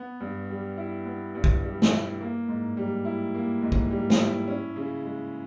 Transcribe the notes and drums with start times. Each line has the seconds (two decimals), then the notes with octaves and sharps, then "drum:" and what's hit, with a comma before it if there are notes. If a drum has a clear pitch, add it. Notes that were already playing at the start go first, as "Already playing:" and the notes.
Already playing: B3
0.20 G2
0.49 G3
0.77 E4
1.06 B3
1.35 G2
1.44 drum: kick B1
1.63 G3
1.82 drum: snare
1.91 E4
2.21 A#3
2.48 G#2
2.77 G3
3.05 E4
3.35 A#3
3.62 G#2
3.72 drum: kick B1
3.91 G3
4.10 drum: snare
4.19 E4
4.47 C#4
4.76 C#3
5.05 G#3